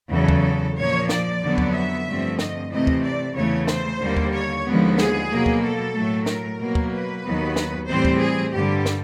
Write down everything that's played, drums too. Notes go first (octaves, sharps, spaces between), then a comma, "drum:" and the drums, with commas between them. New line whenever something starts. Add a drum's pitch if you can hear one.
E2 C#3 F#3 A4
drum: kick
A#2 F3 A#3 C#5
D5, drum: snare
F2 D3 F#3 B3
drum: kick
E5
G2 D3 F3 A3 C4
D#5, drum: snare
C3 E3 A3 C4 D#5
drum: kick
D5
E2 C#3 E3 A3 C#5
C5, drum: snare
D#2 D3 G3 A#3
drum: kick
C#5
D#2 D3 F3 G#3 B3
G#4, drum: snare
B2 F#3 A#3
drum: kick
A4
A2 F#3 A3
A#4, drum: snare
B2 F#3 A#3
drum: kick
B4
D#2 D#3 F#3 B3
drum: snare
A2 E3 G3 C4 C5
drum: kick
G#4
G2 D3 G3 G4
drum: snare